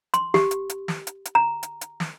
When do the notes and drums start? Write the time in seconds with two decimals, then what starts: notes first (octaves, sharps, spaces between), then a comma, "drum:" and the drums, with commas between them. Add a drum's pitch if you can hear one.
0.14 C6, drum: hi-hat
0.34 G4, drum: snare
0.51 drum: hi-hat
0.70 drum: hi-hat
0.88 drum: snare
1.07 drum: hi-hat
1.25 drum: hi-hat
1.35 A#5
1.63 drum: hi-hat
1.81 drum: hi-hat
2.00 drum: snare